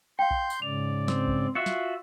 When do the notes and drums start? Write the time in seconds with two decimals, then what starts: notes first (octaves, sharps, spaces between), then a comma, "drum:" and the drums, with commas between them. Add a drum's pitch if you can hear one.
0.19 F5 G5 C6 G6
0.31 drum: kick B1
0.50 drum: tambourine
0.62 G#2 C#3 D5 F7
1.08 C4, drum: snare
1.28 drum: kick B1
1.55 F4 F#4 E5 C#7
1.66 drum: snare